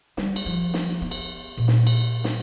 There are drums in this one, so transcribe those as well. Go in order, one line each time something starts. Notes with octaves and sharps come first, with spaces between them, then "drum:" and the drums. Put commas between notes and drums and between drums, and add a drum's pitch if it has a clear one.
G3, drum: snare
drum: cymbal
F3
drum: snare
B3
drum: cymbal
A#2
drum: snare
drum: cymbal
drum: snare